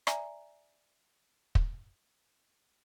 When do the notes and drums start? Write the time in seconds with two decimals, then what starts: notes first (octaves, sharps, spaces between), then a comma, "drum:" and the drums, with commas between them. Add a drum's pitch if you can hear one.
0.07 D5 E5 G#5 A#5, drum: rim click
1.55 drum: kick